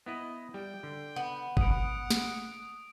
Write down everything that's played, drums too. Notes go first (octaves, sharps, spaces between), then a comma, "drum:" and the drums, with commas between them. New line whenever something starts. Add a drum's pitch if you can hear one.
B3 E4 B4 D#5
G3 G5
D3
B3
B4 F#5 D#6 D7, drum: kick
drum: snare